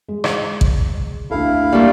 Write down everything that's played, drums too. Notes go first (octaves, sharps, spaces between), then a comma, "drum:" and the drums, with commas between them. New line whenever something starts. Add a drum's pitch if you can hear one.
G#3
drum: rim click
drum: kick
D2 E4 A4 F5
G3 A3 A#3